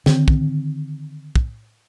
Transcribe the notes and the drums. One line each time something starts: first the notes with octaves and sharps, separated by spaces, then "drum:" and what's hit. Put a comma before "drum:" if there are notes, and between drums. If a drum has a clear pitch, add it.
D3 D#3 C4, drum: snare
drum: kick
drum: kick